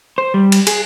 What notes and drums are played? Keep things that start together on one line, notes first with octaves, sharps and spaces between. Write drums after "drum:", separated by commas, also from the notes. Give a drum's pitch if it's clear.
C5
G3
drum: cymbal
G#4, drum: cymbal